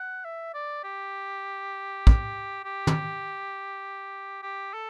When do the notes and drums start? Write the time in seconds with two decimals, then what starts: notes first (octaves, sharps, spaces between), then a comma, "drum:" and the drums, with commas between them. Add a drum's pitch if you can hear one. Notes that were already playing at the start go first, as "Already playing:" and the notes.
Already playing: F#5
0.25 E5
0.54 D5
0.84 G4
2.07 drum: kick
2.64 G4
2.87 drum: tom
4.43 G4
4.74 A4